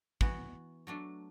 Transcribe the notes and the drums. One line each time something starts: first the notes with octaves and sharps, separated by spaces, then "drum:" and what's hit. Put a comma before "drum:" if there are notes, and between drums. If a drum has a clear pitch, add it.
E3 B3 F#4, drum: kick
F#3 A3 D4